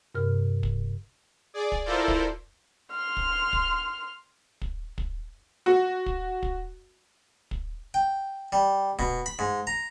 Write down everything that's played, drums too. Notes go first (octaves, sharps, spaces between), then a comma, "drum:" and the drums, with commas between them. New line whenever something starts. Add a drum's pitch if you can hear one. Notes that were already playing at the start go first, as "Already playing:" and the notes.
G2 C3 A#4 F6
drum: kick
G#4 D5
drum: kick
E4 F4 A4 A#4 C5 D5
drum: kick
C6 F6
drum: kick
drum: kick
drum: kick
drum: kick
F#4
drum: kick
drum: kick
drum: kick
G5
G3
B2, drum: kick
B5
G#2
A#5